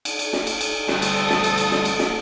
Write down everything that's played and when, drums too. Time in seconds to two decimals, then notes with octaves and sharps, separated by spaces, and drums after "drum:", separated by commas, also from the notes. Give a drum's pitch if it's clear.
0.05 drum: cymbal
0.19 drum: cymbal
0.33 drum: snare
0.47 drum: cymbal
0.61 drum: cymbal
0.88 D2 G2 A4 D#6, drum: snare
1.02 drum: cymbal
1.30 drum: snare
1.44 drum: cymbal
1.58 drum: cymbal
1.71 drum: snare
1.85 drum: cymbal
1.99 drum: snare